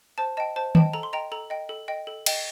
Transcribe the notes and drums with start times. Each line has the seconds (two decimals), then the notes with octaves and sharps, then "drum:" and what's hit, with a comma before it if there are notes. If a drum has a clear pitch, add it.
0.18 C5 A5
0.37 D#5 G5 A5
0.56 C5 A5
0.75 D#5 G5 A5, drum: tom
0.93 A4 A#5
1.03 C6
1.13 D#5 G5 A#5
1.32 A4 A#5
1.50 D#5 G5
1.69 A4
1.88 D#5 G5
2.07 A4
2.26 D#5 G5, drum: cymbal